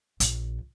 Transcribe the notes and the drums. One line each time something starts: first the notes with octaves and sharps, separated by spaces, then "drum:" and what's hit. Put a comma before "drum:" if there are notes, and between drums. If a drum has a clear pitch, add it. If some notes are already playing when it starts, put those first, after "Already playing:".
A#1, drum: hi-hat